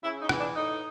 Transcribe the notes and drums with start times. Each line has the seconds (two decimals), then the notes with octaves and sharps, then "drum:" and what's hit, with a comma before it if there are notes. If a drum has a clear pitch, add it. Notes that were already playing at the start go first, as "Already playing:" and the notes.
0.04 C#3 E4
0.22 D#4
0.29 E3, drum: rim click
0.39 D4
0.56 A2 D#4